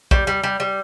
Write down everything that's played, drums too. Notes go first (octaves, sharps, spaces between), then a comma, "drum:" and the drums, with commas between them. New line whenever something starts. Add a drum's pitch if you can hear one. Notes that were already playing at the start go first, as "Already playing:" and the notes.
G3, drum: kick A#1
G3
G3
G3